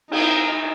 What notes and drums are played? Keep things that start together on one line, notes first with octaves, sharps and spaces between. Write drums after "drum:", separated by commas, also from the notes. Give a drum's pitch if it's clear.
D#4, drum: cymbal